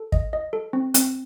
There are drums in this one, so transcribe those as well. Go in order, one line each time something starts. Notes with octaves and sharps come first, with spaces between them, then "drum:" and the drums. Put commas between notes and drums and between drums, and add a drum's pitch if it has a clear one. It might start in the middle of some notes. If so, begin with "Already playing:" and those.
Already playing: A4
D#5, drum: kick
D#5
A4
C4
C4, drum: hi-hat